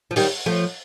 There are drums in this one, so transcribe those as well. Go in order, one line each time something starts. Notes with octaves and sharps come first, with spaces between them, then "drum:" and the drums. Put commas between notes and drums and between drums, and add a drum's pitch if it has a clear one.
F3
D#3 G3, drum: open hi-hat
F3 A3